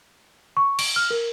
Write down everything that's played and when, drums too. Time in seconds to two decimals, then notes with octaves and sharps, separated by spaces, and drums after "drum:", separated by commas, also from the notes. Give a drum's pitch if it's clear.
0.57 C#6
0.79 D7, drum: cymbal
0.96 F6
1.10 A#4